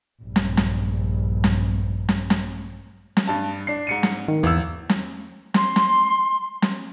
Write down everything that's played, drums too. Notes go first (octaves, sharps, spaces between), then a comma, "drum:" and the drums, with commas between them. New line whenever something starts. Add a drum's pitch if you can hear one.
A#1 G2
drum: snare
drum: snare
drum: snare
drum: snare
drum: snare
drum: snare
G2 A5
D4 C7
G#2 C#7 D#7
drum: snare
D#3
G#1 E2 E6
drum: snare
C6, drum: snare
drum: snare
drum: snare